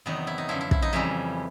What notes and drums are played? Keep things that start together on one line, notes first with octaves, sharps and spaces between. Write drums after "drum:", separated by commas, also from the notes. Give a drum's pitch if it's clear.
E2 C3 D#3 F#3 B3 D#4
E4
D#4
F#2 D3 F3 E4
E4
E4, drum: kick
D#4
F2 C#3 E3 G3 E4